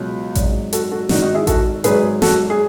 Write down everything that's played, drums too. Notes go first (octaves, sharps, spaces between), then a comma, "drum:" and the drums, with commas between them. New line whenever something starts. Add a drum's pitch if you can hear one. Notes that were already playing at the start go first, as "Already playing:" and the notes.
Already playing: C#2 B2 F#3
G#1 G#2 F#3, drum: kick A1, hi-hat
F#4 A4, drum: hi-hat
F#4 A4
G#1 G#2 D#3 D#4 F#4, drum: snare
D#4 F#4
E4 G#4
F#4 A4, drum: kick A1, hi-hat
G#1 G#2 F#3 G#4 B4, drum: hi-hat
F#4 A4, drum: snare
G#4